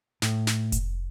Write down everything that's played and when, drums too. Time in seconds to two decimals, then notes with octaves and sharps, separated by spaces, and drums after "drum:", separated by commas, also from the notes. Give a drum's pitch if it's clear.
0.22 A2, drum: snare
0.47 drum: snare
0.72 drum: kick F1, hi-hat